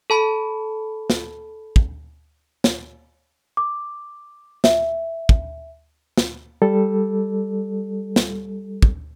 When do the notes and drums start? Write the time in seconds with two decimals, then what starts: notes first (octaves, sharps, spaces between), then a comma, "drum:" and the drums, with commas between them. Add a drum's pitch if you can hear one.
0.10 A4 A5 B5
1.10 drum: snare
1.76 drum: kick
2.64 drum: snare
3.57 D6
4.64 E5, drum: snare
5.29 drum: kick
6.18 drum: snare
6.62 G3 A4
8.16 drum: snare
8.82 drum: kick